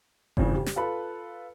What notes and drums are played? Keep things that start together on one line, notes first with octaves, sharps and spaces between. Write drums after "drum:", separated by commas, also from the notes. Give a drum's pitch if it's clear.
G#1 F2 C#3 E3, drum: kick F#1
G4
drum: snare
F4 A4 B4 B5